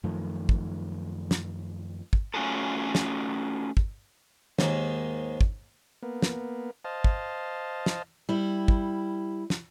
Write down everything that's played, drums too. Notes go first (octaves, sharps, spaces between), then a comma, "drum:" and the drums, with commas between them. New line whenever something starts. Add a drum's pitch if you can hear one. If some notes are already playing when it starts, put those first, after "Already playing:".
F#2 D#3 F3 A3
drum: kick
drum: snare
drum: kick
A3 C#4 F4 F#4 G#4 A4
drum: snare
drum: kick
D#2 G#2, drum: snare
drum: kick
A#3 B3
drum: snare
C5 D#5 F5 A5
drum: kick
drum: snare
G3 E4
drum: kick
drum: snare